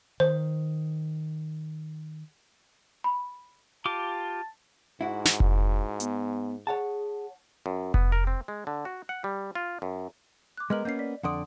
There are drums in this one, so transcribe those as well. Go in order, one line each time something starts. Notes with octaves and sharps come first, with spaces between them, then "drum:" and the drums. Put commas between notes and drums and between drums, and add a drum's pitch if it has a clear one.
D#3 C5
B5
F4 G4 A5 D6
G#2 E4 F#4
drum: snare
drum: kick F1
B3, drum: hi-hat
G#4 C#5 F#5 A5
F#2
B3, drum: kick F1
A#4
C4
G#3
D3
F#4
F#5
G3
F4
F#2
D6 F#6
G#3 B3 A#4 D#5 F6 F#7
A#3 B3 C#4 G6 C7
D5 B6
F2 D3 D5 F#5 C6 D#6